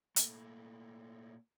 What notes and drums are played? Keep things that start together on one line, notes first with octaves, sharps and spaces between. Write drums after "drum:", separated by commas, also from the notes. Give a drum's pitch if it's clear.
A#2 A3, drum: hi-hat